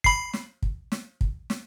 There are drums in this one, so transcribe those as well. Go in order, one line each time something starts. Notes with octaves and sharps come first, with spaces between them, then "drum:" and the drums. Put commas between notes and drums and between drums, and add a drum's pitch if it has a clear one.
B5 C7, drum: kick
drum: snare
drum: kick
drum: snare
drum: kick
drum: snare